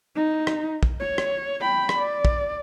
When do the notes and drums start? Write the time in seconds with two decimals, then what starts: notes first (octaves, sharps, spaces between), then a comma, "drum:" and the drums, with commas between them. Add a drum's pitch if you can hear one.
0.16 D#4
0.47 drum: rim click
0.83 drum: kick
1.00 C#5
1.18 drum: rim click
1.61 G5 B5
1.89 drum: rim click
1.99 D5
2.25 drum: kick